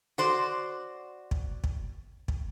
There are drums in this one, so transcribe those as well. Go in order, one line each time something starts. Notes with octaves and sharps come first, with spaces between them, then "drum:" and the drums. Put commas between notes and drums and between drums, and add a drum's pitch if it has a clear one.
F#4 C5 D5
drum: kick
drum: kick
drum: kick